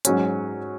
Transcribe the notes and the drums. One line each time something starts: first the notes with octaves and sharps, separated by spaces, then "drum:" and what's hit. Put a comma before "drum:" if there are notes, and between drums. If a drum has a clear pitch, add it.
G#2 F#3 C#4, drum: hi-hat